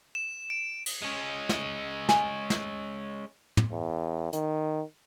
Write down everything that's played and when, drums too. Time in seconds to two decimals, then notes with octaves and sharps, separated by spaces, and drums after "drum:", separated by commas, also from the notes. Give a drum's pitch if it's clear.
0.15 E7
0.50 D7
0.86 drum: cymbal
1.02 G#3 C#4
1.49 drum: snare
2.09 G#5, drum: snare
2.50 drum: snare
3.57 drum: tom
3.72 E2
4.33 D#3, drum: hi-hat